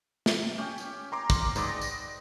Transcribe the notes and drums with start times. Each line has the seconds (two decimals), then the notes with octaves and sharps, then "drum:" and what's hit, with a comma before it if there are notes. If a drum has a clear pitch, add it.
0.26 drum: snare
0.58 C#4 G4 G5
0.78 drum: tambourine
1.12 A#5 C6 D6
1.30 drum: kick, tambourine
1.56 G#2 B4 D5 D#5, drum: tambourine
1.68 A#6
1.82 drum: tambourine